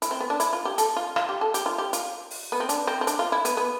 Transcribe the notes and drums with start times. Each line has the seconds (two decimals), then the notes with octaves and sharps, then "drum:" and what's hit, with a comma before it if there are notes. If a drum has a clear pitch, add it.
0.02 E4, drum: hi-hat
0.11 C4
0.20 B3
0.30 D4
0.40 E4, drum: hi-hat
0.53 F4
0.65 G4
0.78 A4, drum: hi-hat
0.96 F4
1.16 F4, drum: rim click
1.29 G4
1.41 A4
1.54 G4, drum: hi-hat
1.66 F4
1.78 G4
1.93 F4, drum: hi-hat
2.31 drum: open hi-hat
2.52 B3
2.60 C4
2.69 D4, drum: hi-hat
2.87 C4
3.01 C4
3.07 D4, drum: hi-hat
3.19 F4
3.32 E4
3.45 B3, drum: hi-hat
3.57 B3